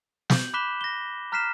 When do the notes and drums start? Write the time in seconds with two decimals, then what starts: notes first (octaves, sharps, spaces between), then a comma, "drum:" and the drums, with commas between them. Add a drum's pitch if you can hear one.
0.30 G6 F#7, drum: snare
0.54 B5 D6 F#6 B6 E7 G7
0.81 A#6 G7
1.32 A#5 F6 F#6 B6 C7 E7